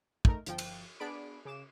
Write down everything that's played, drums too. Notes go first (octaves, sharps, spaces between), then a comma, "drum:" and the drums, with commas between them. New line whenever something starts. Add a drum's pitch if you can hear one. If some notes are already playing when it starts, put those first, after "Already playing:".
A3 D#4 A#4, drum: kick
G1 F3 G5, drum: hi-hat
drum: cymbal
B3 D4 G#4 D5 B5 D7
C#3 D6 E7